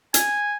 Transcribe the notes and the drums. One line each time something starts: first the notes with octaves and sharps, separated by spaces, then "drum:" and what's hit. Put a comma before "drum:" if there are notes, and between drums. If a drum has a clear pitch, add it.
G#5, drum: hi-hat